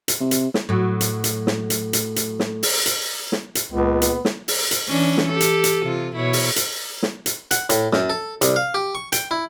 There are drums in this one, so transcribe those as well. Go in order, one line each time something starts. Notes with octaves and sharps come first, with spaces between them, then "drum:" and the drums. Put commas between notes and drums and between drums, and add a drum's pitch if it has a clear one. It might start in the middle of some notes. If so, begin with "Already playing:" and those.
drum: hi-hat
C3
drum: hi-hat
drum: snare
A2 F#3
drum: hi-hat
drum: hi-hat
drum: snare
drum: hi-hat
drum: hi-hat
drum: hi-hat
drum: snare
drum: open hi-hat
drum: hi-hat
drum: snare
drum: hi-hat
C#2 A#2 G#3 B3
drum: hi-hat
drum: snare
drum: open hi-hat
drum: hi-hat
E3 C#4 D4
drum: snare
G4 A4
drum: hi-hat
drum: hi-hat
C3 F4
B2 E4 C#5
drum: open hi-hat
drum: hi-hat
drum: snare
drum: hi-hat
F#5, drum: hi-hat
A2, drum: hi-hat
F#2, drum: snare
A4
C2, drum: hi-hat
F5
G4
C#6
G5, drum: hi-hat
E4